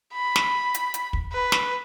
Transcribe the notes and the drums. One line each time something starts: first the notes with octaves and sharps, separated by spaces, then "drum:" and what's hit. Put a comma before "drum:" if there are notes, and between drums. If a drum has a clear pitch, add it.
B5
drum: snare
drum: hi-hat
drum: hi-hat
drum: kick
B4
drum: snare